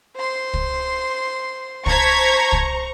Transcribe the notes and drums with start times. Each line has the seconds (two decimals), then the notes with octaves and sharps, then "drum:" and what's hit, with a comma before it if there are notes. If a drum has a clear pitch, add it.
0.16 C5 C6
0.54 drum: kick
1.86 C5 A5 A#5 C#6 G#6 B6, drum: kick
2.52 drum: kick